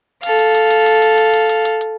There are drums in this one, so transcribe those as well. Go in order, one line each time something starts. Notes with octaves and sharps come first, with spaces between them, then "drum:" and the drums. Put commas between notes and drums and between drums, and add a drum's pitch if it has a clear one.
A4 F5, drum: hi-hat
drum: hi-hat
drum: hi-hat
drum: hi-hat
drum: hi-hat
drum: hi-hat
drum: hi-hat
drum: hi-hat
drum: hi-hat
drum: hi-hat
drum: hi-hat